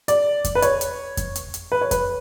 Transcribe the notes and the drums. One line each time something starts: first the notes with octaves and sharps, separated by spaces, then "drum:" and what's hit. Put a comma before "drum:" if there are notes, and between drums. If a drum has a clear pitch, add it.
D5, drum: hi-hat
drum: kick F2, hi-hat
B4
C#5, drum: hi-hat
drum: hi-hat
drum: kick F2, hi-hat
drum: hi-hat
drum: hi-hat
B4
C#5
B4, drum: kick F2, hi-hat